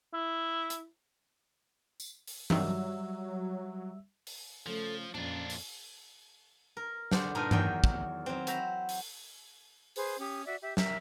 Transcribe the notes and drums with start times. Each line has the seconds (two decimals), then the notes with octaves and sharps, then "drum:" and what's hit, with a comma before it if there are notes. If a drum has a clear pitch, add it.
0.14 E4
0.70 drum: hi-hat
2.00 drum: tambourine
2.27 drum: open hi-hat
2.50 G2 D#3 F#3 G3 E5 E6, drum: tom E3
4.27 drum: open hi-hat
4.66 C#3 F3 A3 A4
5.14 F2 A#2 C#4 D4 F4
5.50 drum: open hi-hat
6.77 A#4
7.11 D3 G#4 C5 D5 F#5, drum: snare
7.35 G2 A#2 D4 D#4 A#4 G#5
7.51 E2 D#3 F#3 A#4 G5 G#5, drum: tom G2
7.84 drum: kick
8.26 F#3 C4
8.47 F#4 C5 E5 A#5 B5, drum: hi-hat
8.89 drum: open hi-hat
9.96 G#4 B4 C5, drum: open hi-hat
10.19 C#4 G4 D#6
10.46 F#4 D5 E5
10.61 G4 E5
10.77 A#4 E5, drum: snare